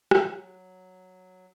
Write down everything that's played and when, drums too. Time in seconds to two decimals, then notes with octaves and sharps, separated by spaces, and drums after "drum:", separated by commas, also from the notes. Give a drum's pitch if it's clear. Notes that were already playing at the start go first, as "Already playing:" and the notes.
0.11 F#3, drum: rim click